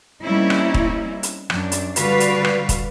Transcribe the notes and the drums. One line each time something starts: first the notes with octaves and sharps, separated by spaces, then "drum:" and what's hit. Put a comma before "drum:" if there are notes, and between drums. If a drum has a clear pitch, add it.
G3 A#3 C4 C#4 D#4 E4
drum: rim click
drum: kick
drum: hi-hat
F#2 D4, drum: rim click
drum: hi-hat
D3 G3 F#4 B4 D5 F5, drum: hi-hat
drum: hi-hat
drum: rim click
drum: kick, hi-hat